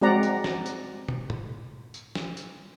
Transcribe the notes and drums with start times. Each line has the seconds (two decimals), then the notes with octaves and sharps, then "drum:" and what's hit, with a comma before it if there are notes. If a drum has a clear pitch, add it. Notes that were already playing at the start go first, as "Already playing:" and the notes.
0.02 G#3 C4 F#4 D5 F#5 A#5
0.23 drum: tambourine
0.44 drum: snare
0.66 drum: tambourine
1.08 drum: tom
1.30 drum: tom
1.94 drum: tambourine
2.15 drum: snare
2.37 drum: tambourine